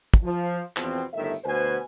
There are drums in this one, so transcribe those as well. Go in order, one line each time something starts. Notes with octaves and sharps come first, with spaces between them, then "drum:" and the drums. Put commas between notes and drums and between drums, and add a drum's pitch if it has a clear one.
drum: kick
F3
E2 B2 F3 C4, drum: clap
G1 A2 D#3 A3 E5
drum: tambourine
D2 B2 F#4 B4 C5 G#5